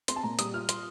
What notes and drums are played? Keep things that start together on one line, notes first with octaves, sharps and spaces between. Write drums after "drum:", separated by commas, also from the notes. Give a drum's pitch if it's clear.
C4 C6, drum: hi-hat
A5
A#2 A#5
G3 D#6, drum: hi-hat
F4 F6
C6, drum: hi-hat